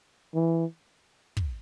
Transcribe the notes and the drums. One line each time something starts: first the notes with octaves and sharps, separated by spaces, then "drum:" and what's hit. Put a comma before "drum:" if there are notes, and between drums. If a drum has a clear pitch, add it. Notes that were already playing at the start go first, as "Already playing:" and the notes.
E3
drum: kick